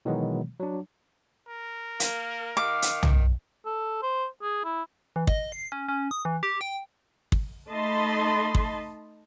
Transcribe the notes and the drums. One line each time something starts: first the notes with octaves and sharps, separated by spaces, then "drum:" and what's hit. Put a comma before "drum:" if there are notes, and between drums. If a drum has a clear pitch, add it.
B2 D#3 E3 F#3 G#3 B3
F#3 D4
A#4
A#3, drum: hi-hat
D#3 F5 D6
drum: hi-hat
drum: tom
A4
C5
G#4
E4
E3
D#5, drum: kick
C7
C#4
C#4
D#6
E3
G4
G5
drum: kick
A3 D#4 D#5 A5 B5 C6
drum: kick